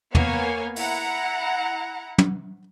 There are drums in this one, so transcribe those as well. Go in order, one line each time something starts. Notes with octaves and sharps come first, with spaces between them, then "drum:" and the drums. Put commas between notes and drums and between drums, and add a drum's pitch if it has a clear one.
A#3 B3 C#5 F5 G#5, drum: tom
E4 F#5 A#5, drum: open hi-hat
drum: tom